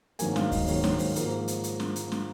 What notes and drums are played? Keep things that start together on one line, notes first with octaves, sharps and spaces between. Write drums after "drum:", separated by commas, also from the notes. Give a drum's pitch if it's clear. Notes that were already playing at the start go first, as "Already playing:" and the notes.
G#2 D#3 F#3 A#3 G#5, drum: hi-hat
F5, drum: snare
D#5, drum: kick D2, open hi-hat
G#2 D#3 F#3 A#3 C#5, drum: open hi-hat
C#5, drum: snare
C5, drum: open hi-hat
G#2 F3 A#3, drum: hi-hat
drum: hi-hat
drum: hi-hat
drum: snare
drum: hi-hat
drum: snare